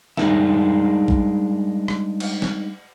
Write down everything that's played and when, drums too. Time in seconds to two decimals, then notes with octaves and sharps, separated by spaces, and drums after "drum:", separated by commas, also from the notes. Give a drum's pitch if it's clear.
0.17 G3 G#3 D4 D#4 A#4 E5, drum: snare
1.08 drum: kick A#1
1.88 drum: rim click
2.20 drum: cymbal
2.42 drum: snare